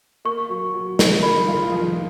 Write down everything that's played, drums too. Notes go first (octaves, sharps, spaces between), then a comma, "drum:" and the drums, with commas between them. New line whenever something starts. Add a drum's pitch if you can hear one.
A#3 C#6
F#3
F#3
D#4, drum: snare
A#3 B5
F4
F3